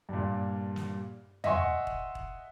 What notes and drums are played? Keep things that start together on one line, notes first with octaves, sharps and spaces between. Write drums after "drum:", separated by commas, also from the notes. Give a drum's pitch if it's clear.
G2 A#2
drum: snare
D#5 E5 F#5 G#5 C6 C#6, drum: tom E2
drum: kick E1
drum: kick E1